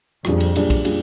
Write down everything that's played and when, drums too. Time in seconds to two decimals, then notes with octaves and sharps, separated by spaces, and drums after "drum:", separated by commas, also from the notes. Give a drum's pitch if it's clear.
0.25 F2 A#2 G3 D4 G#4, drum: rim click
0.40 drum: cymbal
0.56 A#2 G3 D4 G#4, drum: cymbal
0.70 drum: kick B1, cymbal
0.85 A#2 G3 D4 G#4, drum: cymbal